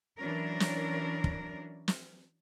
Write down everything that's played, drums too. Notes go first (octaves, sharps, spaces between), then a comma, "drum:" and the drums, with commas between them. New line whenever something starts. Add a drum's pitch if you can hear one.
E3 F#3 C#4 D4 A#4
drum: snare
drum: kick
drum: snare